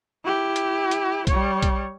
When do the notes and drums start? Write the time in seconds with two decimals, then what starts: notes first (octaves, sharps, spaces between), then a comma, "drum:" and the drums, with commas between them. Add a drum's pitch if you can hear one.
0.24 E4 G4
0.56 drum: hi-hat
0.91 drum: hi-hat
1.27 G3 C#5, drum: kick A#1, hi-hat
1.62 drum: kick A#1, hi-hat